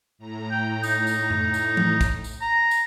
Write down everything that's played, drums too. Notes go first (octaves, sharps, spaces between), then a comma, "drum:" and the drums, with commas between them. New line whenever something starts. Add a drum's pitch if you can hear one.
A2 A#5
G5
D#4, drum: tambourine
drum: tambourine
drum: tom F2
drum: tambourine
drum: tom E3
drum: kick, tambourine
drum: tambourine
A#5
drum: tambourine